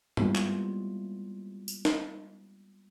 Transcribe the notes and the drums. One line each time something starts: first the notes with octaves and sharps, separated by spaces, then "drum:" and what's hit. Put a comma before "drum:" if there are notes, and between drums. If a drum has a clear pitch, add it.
G3 G#3 A#3 B3 E4 F4, drum: tom G2
drum: clap
drum: tambourine
drum: snare